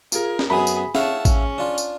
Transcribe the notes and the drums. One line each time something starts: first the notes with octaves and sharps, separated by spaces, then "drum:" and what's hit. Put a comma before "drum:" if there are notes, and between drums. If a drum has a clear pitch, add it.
F4 G#4 A#4, drum: tambourine
drum: snare
F#2 B3 G#4 B5
drum: tambourine
E4 G#4 C#5 F5 F#5 A5, drum: snare
C#4, drum: kick A1, tambourine
D4 F4
drum: tambourine